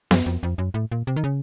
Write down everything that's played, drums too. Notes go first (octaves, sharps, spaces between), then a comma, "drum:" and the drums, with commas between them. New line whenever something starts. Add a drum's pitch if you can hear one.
F#2, drum: snare B3
F2
F2
F#2
A2
A#2
C3
D#3
C#3